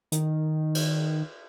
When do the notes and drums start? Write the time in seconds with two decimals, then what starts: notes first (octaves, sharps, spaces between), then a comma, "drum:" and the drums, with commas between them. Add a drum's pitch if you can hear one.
0.12 D#3, drum: hi-hat
0.75 drum: cymbal